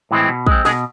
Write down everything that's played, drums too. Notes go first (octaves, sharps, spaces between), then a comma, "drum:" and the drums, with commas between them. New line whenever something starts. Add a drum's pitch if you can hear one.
A2 E3 G#3 C4
B2
G#3 C4, drum: kick
B2 G#3 G#4, drum: snare